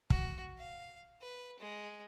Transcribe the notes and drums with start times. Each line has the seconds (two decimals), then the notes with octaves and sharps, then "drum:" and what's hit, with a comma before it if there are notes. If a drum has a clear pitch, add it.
0.10 F#4, drum: kick
0.58 F5
1.21 B4
1.59 G#3